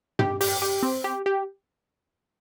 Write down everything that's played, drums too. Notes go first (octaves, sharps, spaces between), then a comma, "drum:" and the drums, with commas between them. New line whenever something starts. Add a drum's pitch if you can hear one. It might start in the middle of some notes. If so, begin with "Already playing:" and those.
G4, drum: tom
G4, drum: open hi-hat
G4
C4
G4
G4